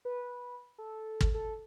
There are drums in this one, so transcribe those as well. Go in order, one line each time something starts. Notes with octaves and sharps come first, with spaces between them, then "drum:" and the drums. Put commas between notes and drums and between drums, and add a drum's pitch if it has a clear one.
B4
A4
drum: kick
A4